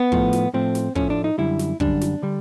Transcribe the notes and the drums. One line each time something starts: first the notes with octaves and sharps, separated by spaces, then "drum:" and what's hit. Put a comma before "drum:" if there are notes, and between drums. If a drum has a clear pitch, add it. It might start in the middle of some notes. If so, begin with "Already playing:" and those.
Already playing: B3
A2 F3 A3, drum: kick
drum: snare
A2 F3 A3 C4
drum: snare
A2 F3 A3 C#4, drum: kick
D4
D#4
F#2 D3 G3 E4
drum: snare
F#2 D3 G3 D4, drum: kick
drum: snare
D3 G3